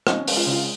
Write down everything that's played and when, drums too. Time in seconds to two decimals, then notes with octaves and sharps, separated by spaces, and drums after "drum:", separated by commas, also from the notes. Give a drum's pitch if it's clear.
0.07 C#4 D#4, drum: rim click
0.27 G#3, drum: open hi-hat
0.37 F4
0.46 C#3
0.52 F4